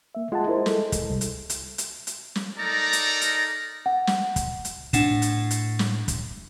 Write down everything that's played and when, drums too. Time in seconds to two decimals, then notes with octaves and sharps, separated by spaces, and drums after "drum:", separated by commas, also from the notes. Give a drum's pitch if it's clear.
0.15 A#3 E5
0.32 G#3 F4 F#5 A5
0.48 E4 A#4 C5
0.66 A4, drum: snare
0.92 drum: kick, hi-hat
1.10 C2
1.21 drum: hi-hat
1.50 drum: hi-hat
1.78 drum: hi-hat
2.07 drum: hi-hat
2.35 drum: snare
2.59 D#4 A4 A#4 D5 A#5
2.93 drum: hi-hat
3.21 drum: hi-hat
3.86 F#5
4.07 drum: snare
4.36 drum: kick, hi-hat
4.65 drum: hi-hat
4.93 A2 D4 F#5 E7, drum: hi-hat
5.22 drum: hi-hat
5.51 drum: hi-hat
5.79 drum: snare
6.08 drum: kick, hi-hat